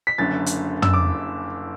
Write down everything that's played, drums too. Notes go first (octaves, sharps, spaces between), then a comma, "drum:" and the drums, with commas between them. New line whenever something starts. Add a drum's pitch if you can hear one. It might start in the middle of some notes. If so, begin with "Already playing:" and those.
B6
F#1 F#2 D3 A6
drum: hi-hat
E6, drum: tom
D6